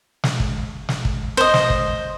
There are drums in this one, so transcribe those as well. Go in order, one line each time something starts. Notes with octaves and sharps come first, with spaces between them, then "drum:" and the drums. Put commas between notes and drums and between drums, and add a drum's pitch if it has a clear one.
drum: snare
drum: kick
drum: snare
drum: kick
C5 D#5
drum: snare
drum: kick